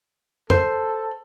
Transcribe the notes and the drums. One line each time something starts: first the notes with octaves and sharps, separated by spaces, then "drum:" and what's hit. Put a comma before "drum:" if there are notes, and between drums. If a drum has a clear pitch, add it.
A4 C5, drum: tom F2